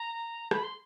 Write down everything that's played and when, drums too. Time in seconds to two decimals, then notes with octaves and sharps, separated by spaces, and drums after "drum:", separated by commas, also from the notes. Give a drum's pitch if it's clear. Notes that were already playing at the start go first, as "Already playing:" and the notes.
Already playing: A#5
0.51 B5, drum: rim click
0.63 C6